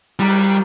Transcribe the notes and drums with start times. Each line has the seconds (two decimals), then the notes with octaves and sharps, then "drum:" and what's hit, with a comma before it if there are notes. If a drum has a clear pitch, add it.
0.19 G3, drum: cymbal